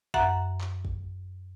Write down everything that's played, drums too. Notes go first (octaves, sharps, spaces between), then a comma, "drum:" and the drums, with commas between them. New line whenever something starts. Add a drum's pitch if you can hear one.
F#2 E5 F#5 A#5 F#6, drum: kick
drum: clap
drum: kick